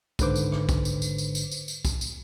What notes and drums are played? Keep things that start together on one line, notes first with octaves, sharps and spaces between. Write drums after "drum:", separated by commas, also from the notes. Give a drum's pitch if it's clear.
G#1 G#2 D3 B4 C5 D6, drum: kick, tambourine
drum: tambourine
drum: rim click
drum: kick, tambourine
drum: tambourine
drum: tambourine
drum: tambourine
drum: tambourine
drum: tambourine
drum: tambourine
drum: kick, tambourine
drum: tambourine